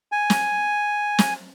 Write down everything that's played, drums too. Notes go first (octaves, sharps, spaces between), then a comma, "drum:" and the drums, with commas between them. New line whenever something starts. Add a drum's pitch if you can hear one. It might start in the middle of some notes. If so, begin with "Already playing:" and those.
G#5
drum: snare
drum: snare